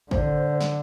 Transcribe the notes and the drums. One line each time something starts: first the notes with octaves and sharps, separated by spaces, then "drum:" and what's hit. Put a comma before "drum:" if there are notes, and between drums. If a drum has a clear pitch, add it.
D3 C5, drum: kick G#1
drum: snare